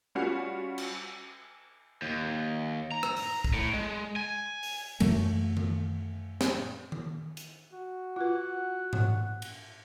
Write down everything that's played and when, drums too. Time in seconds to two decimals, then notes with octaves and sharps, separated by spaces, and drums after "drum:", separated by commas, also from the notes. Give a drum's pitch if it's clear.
0.15 G3 C#4 F4 F#4
0.78 drum: cymbal
2.02 D#2
2.92 A#5
3.03 drum: rim click
3.17 drum: open hi-hat
3.44 drum: kick
3.54 A2
3.73 G#3
4.16 G#5
4.63 drum: open hi-hat
5.00 F#2 E3 F#3 A3, drum: cymbal
5.57 drum: tom D#3
6.41 drum: snare
6.92 drum: tom D#3
7.37 drum: hi-hat
7.73 F#4
8.16 F4 B4 F#5
8.93 drum: tom G#2
9.42 drum: cymbal